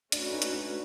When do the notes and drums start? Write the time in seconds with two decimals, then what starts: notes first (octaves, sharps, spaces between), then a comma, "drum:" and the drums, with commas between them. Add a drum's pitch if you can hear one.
0.12 A3 C#4 D4 F#4 B4, drum: hi-hat
0.32 D#4
0.42 drum: hi-hat
0.52 D4